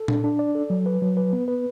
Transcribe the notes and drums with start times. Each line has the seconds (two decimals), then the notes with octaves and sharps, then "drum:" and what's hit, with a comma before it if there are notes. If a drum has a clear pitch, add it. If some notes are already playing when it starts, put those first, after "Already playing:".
Already playing: A4
0.08 D4, drum: tom A#2
0.24 D4
0.39 D5
0.55 A4
0.70 F#3
0.86 B4
1.02 F#3
1.17 B4
1.33 B3
1.48 B4